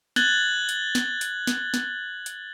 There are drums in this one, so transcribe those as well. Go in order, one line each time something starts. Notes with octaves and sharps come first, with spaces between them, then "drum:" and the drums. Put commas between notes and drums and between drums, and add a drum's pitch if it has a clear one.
F#6 G#6 A6 F#7 G7, drum: snare
drum: hi-hat
drum: snare
drum: hi-hat
drum: snare
drum: snare
drum: hi-hat